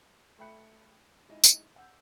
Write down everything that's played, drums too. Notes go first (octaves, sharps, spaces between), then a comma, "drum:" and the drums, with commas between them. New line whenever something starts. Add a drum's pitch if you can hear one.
A3 E5 G5 B5 F#6 C#7
G#3 D#4 E4 G#4 D#5
drum: tambourine
F#5 E6 G6